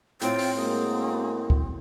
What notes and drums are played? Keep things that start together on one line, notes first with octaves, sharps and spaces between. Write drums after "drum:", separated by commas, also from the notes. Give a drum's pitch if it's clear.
A2 C4 F4 G5, drum: hi-hat
drum: open hi-hat
G#3 A#3 F#4 D#6
drum: kick C#2